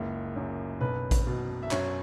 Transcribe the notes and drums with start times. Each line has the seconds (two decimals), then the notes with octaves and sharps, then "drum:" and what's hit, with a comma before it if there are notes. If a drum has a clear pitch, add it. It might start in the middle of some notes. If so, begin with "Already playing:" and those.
Already playing: F#1 C#2
0.36 F#2
0.81 B1 B4
1.11 drum: kick A1, hi-hat
1.27 B2
1.63 E5
1.71 F#2 C#5, drum: clap